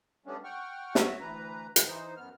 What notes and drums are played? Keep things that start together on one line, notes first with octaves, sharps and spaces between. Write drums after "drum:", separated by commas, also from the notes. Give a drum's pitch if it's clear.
G3 A3 B3 C#4 D4
F#5 G5 C#6 F6
F#4 C#5 E5, drum: snare
D2 E3 B4 A#5
drum: hi-hat
E3 D#4 C5
F#2 B3 F6